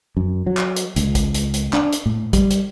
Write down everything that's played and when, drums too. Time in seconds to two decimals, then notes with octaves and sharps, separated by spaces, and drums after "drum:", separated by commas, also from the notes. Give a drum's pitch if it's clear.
0.17 F#2
0.47 F#3
0.57 drum: clap
0.76 drum: hi-hat
0.96 C#2, drum: hi-hat
1.15 drum: kick, hi-hat
1.34 drum: hi-hat
1.54 drum: hi-hat
1.73 D4, drum: clap
1.93 drum: hi-hat
2.06 A2
2.33 G3, drum: kick, hi-hat
2.51 drum: hi-hat